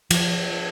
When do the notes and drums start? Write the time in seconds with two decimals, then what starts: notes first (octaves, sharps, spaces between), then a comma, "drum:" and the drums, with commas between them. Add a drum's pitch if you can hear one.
0.11 F3, drum: cymbal